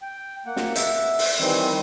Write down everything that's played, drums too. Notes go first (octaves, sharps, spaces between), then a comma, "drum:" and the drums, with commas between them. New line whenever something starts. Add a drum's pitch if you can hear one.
G5
A#3 F#5
drum: snare
E5, drum: hi-hat
drum: open hi-hat
D#3 E3 G3 C4